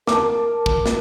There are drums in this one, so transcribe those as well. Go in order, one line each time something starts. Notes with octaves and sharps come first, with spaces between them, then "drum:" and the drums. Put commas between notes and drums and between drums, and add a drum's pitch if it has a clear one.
A#4 A5 D6, drum: snare
drum: kick
drum: snare